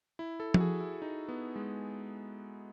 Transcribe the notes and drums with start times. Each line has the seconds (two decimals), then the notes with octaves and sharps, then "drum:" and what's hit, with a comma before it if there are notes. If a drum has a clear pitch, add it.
0.19 E4
0.40 A4
0.54 F#4, drum: tom F3
0.60 G#4
0.81 E4
1.02 D#4
1.29 B3
1.56 G#3